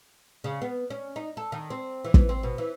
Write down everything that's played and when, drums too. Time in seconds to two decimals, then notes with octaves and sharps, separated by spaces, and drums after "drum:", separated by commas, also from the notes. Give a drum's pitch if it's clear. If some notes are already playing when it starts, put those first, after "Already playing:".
0.44 C#3
0.62 B3
0.90 C#4
1.16 D#4
1.37 A4
1.52 D#3
1.70 C4
2.04 E3
2.14 drum: kick
2.29 C4
2.43 B2
2.58 E3